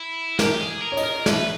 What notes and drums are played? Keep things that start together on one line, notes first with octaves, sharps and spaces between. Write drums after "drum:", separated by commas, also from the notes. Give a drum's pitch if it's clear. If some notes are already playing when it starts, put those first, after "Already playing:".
Already playing: E4
G4 A#4, drum: snare
G#4
A#4
C#5
D#5, drum: cymbal
A#4
B4 E5, drum: snare